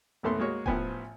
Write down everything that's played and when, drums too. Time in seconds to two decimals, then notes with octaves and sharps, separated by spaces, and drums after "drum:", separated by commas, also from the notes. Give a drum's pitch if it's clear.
0.23 A1 D#2 A3 B3 C6
0.40 G#3 A#3 F#4 C#5
0.66 A1 F3 B3 C5 G5 G#5, drum: kick D#1